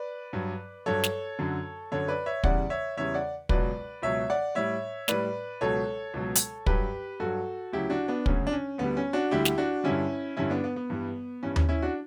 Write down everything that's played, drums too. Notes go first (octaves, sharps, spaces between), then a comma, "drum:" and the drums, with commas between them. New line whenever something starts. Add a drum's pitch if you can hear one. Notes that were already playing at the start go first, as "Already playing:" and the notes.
Already playing: B4 D5
G2 F#3
G2 F#3 A4 C#5
drum: snare
F#2 D3 F#3
F#2 D3 F#3 A4 C#5
B4 D5
C#5 E5
E2 C#3 E3 G3 D5 F#5, drum: kick
C#5 E5
E2 C#3 E3 G3 C#5 E5
D5 F#5
C#2 B2 F#3 B4 D5, drum: kick
C#2 B2 F#3 C#5 E5
D5 F#5
A2 G3 C#5 E5
A2 G3 B4 D5, drum: snare
C#2 B2 F#3 A4 C#5
C#2 B2 F#3
drum: hi-hat
G2 F#3 G4 B4, drum: kick
G2 F#3 F#4 A4
D2 C#3 F#3 E4 G4
D4 F#4
B3 D4
D2 C#3 F#3 C#4, drum: kick
D4
C#4
D2 D3 G3 B3
C#4
D4 F#4
D2 D3 G3 E4 G4
drum: snare
D4 F#4
G2 D3 G3 C#4 E4
G2 D3 G3 C#4 E4
B3 D4
B3
B3
G2 E3 G3
G2 E3 G3 C#4
C#4, drum: tom D#2
C#4 E4
D4 F#4